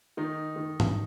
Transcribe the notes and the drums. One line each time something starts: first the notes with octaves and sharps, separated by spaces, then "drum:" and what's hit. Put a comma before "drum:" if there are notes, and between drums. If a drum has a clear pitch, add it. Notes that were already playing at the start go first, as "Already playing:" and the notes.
D#3 D#4
D#3
drum: tom G#2